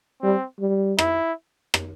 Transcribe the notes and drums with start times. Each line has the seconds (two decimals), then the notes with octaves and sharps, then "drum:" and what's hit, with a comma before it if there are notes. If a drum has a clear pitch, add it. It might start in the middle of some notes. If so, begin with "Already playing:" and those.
0.22 G3 C4
0.60 G3
0.99 E4, drum: rim click
1.74 drum: rim click